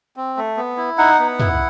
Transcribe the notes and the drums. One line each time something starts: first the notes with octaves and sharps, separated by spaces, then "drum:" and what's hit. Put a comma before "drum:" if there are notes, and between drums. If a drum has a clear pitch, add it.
C4
A3
B3
E4
D#4 F#5
B3
E4, drum: tom